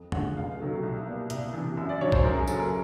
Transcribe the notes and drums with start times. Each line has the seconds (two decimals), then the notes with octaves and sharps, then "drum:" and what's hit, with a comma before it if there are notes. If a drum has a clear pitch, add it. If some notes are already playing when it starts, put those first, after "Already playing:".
Already playing: F2
0.12 D3 F3 G#3 F#5, drum: tom F2
0.37 C#2 F5
0.59 C3 D#3 F#3 A3
0.83 C2
1.06 B2 G3 A#3
1.30 C2, drum: hi-hat
1.54 C3 E3
1.77 F#2 E5
1.89 D5
2.01 D#3 F#3 C#5
2.12 C5, drum: kick
2.24 F#2 A#4
2.36 G#4
2.47 C#3 F#3 A4, drum: tambourine
2.59 A#4